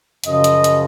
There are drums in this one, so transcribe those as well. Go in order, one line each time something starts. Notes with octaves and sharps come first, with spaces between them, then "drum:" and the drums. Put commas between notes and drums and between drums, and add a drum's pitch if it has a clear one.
F#2 C#3 F3 D#5, drum: hi-hat
drum: hi-hat
drum: hi-hat